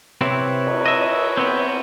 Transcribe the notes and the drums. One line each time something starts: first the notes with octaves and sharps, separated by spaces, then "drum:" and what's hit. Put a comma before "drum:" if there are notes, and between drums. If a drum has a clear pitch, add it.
C3 C4 E4 B4 C#5
drum: cymbal
D#5 E5
B3 C4